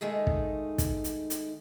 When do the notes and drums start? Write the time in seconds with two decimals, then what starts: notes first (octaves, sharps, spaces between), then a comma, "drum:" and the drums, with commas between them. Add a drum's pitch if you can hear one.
0.01 D#3 G#3 A3 D#4
0.27 drum: kick
0.78 drum: kick, hi-hat
1.04 drum: hi-hat
1.30 drum: hi-hat